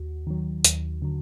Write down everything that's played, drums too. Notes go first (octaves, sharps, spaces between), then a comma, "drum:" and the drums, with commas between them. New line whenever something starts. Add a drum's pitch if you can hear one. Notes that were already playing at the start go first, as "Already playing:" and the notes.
Already playing: D#2 F#4
D#3 F#3
D#2, drum: hi-hat
D3 F#3